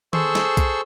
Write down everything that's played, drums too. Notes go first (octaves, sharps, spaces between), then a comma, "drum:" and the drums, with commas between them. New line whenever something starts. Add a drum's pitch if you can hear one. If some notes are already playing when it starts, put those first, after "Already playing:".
G#4 A4 C5 C6 C#6 E6, drum: tom D#3
drum: snare
drum: kick B1, hi-hat